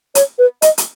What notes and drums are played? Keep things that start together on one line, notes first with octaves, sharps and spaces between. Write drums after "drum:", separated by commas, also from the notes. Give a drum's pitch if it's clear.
C#5, drum: hi-hat
B4
D#5, drum: hi-hat
drum: hi-hat